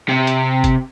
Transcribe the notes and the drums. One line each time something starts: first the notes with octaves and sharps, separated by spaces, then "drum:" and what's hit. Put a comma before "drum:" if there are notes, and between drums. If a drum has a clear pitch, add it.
C3
drum: hi-hat
drum: kick F#1, hi-hat